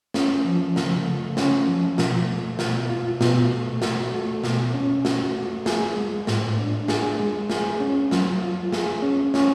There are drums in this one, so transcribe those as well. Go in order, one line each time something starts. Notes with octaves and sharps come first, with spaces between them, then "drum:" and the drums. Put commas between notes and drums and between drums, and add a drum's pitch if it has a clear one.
C#4, drum: snare
F3
C#3, drum: snare
A3
C#4, drum: snare
F3
B2, drum: snare
A3
B2, drum: snare
F4
B2, drum: snare
A3
F#4, drum: snare
A3
B2, drum: snare
C#4
F#4, drum: snare
A3
G#4, drum: snare
G#3
A2, drum: snare
D4
G#4, drum: snare
G#3
G#4, drum: snare
C#4
F#3, drum: snare
F4
G#4, drum: snare
C#4
C#4, drum: snare